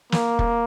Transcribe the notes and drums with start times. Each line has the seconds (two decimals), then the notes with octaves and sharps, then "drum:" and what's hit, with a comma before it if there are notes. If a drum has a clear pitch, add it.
0.12 A#3, drum: snare
0.39 drum: kick